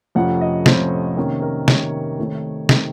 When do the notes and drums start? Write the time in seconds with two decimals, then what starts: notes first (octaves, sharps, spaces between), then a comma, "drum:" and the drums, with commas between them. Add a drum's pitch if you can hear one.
0.15 F2 C3 F3 A3 C#4 F#5
0.41 D#5
0.66 F2 C3 F3 A3 C#4 C5, drum: snare
1.17 C3 D#3 A#3 C#4
1.42 A#4
1.68 C3 D#3 A#3 C#4 C#5, drum: snare
2.18 C3 D#3 A3
2.69 C3 D#3 A3, drum: snare